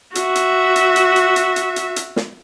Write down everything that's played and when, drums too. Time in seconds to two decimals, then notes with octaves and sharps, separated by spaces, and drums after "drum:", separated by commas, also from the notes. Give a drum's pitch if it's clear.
0.15 F#4 E5, drum: hi-hat
0.35 drum: hi-hat
0.76 drum: hi-hat
0.96 drum: hi-hat
1.16 drum: hi-hat
1.36 drum: hi-hat
1.56 drum: hi-hat
1.76 drum: hi-hat
1.96 drum: hi-hat
2.16 drum: snare